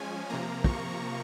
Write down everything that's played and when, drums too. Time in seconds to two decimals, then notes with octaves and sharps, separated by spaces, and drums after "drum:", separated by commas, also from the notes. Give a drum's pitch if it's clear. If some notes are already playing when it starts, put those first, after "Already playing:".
Already playing: F3 G#3 C#4 G#5
0.30 C3 F3 A#3 A#5
0.64 C#6, drum: kick